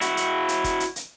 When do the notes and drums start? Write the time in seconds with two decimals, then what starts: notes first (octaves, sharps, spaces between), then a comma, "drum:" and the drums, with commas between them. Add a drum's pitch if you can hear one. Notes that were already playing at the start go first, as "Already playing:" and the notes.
0.01 E4 F#4, drum: hi-hat
0.17 drum: hi-hat
0.48 drum: hi-hat
0.64 drum: kick, hi-hat
0.80 drum: hi-hat
0.96 drum: hi-hat